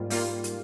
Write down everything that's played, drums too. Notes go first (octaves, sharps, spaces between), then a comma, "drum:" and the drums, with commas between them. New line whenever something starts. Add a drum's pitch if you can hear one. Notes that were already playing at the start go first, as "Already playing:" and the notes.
Already playing: G#2 G3 A#3 F4
G3 A#3 F4, drum: open hi-hat
drum: hi-hat